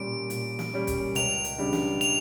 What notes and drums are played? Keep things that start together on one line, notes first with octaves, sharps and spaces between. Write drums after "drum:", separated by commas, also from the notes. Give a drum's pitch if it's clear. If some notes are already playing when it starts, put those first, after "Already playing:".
Already playing: A#2 G3 C#4 D7
A#2, drum: hi-hat
drum: snare
G3 C#4
drum: kick, hi-hat
C#2 F7, drum: hi-hat
drum: hi-hat
C#3 G3 D4
drum: snare
F7, drum: hi-hat